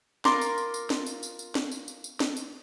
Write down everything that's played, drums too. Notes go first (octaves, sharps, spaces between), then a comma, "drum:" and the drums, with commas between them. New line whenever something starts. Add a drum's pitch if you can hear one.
F4 A#4 C6 D6, drum: snare
drum: tambourine
drum: tambourine
drum: tambourine
drum: snare
drum: tambourine
drum: tambourine
drum: tambourine
drum: snare
drum: tambourine
drum: tambourine
drum: tambourine
drum: snare
drum: tambourine